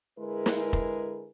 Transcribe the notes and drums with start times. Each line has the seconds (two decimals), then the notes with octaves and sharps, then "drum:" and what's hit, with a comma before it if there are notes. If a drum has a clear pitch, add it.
0.19 D3 G#3 E4 G#4 A#4 B4
0.46 drum: snare
0.73 drum: kick F1